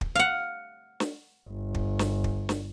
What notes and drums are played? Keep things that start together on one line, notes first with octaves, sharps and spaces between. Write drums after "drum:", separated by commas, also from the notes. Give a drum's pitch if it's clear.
drum: kick
F5 F#5
drum: snare
G1
drum: kick
drum: snare
drum: kick
drum: snare